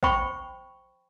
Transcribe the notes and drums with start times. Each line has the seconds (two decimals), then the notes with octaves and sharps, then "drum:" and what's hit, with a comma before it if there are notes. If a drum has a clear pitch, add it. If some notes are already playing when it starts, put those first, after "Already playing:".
0.03 C5 G5 B5 C#6, drum: kick